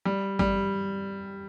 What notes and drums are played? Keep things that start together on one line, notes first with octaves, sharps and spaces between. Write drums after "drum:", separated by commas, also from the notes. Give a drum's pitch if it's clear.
G3
G3, drum: kick G#1